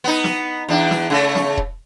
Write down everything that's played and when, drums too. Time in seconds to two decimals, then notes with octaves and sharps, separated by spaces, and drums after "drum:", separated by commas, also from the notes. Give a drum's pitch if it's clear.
0.04 B3 D#4
0.24 drum: snare
0.69 E2 D4
0.91 drum: snare
1.10 C#3 A3
1.35 drum: snare
1.57 drum: kick E1